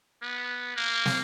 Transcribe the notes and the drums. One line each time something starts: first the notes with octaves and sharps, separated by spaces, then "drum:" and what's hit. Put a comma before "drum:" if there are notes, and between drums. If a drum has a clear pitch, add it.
B3
A#3
drum: snare